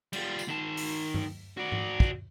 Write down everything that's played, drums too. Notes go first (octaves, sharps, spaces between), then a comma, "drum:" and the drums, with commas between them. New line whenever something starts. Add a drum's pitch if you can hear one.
G3 F4, drum: cymbal
drum: tambourine
D#3 A5
drum: open hi-hat
drum: tom G2
F#4 D5
drum: tom G#2
drum: kick